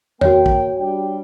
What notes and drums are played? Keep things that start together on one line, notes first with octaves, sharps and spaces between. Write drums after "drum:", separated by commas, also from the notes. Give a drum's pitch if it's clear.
A#3 F#4 C#5 G5, drum: tom E2
drum: kick
G3 D4 G5